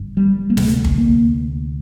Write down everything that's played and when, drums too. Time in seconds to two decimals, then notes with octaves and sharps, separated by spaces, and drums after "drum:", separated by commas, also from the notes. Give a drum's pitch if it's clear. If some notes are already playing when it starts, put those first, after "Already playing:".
Already playing: G1 G2 D3
0.17 G3
0.50 A#3
0.57 D2 C3 A3, drum: snare
0.85 drum: kick G1
0.98 A#3